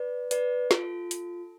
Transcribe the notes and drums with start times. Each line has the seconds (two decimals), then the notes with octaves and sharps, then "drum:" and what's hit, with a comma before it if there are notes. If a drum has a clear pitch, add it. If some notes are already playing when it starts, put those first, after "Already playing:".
Already playing: B4 D5
0.31 B4 D5, drum: hi-hat
0.71 F4 A4, drum: snare
1.11 drum: hi-hat